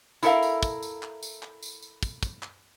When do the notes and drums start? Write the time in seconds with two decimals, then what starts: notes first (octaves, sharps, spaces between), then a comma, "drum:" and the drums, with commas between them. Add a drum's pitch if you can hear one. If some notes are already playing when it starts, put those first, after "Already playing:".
0.23 E4 A4 A#4 C5 E5 F5, drum: tambourine
0.43 drum: tambourine
0.63 drum: kick, tambourine
0.83 drum: tambourine
1.03 drum: clap
1.23 drum: tambourine
1.43 drum: clap
1.63 drum: tambourine
1.83 drum: tambourine
2.03 drum: kick, tambourine
2.23 drum: kick, tambourine
2.43 drum: clap